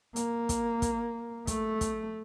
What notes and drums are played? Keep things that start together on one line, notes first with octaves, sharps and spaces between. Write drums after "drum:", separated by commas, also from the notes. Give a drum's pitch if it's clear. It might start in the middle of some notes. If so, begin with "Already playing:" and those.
A#3, drum: hi-hat
drum: kick, hi-hat
drum: kick, hi-hat
A3, drum: kick, hi-hat
drum: kick, hi-hat